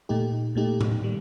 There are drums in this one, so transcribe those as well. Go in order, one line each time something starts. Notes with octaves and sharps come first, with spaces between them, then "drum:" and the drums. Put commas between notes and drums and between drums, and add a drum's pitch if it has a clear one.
A#2 A3 D#4 G4
A#2 A3 D#4 G4
drum: tom A2
D#3 G3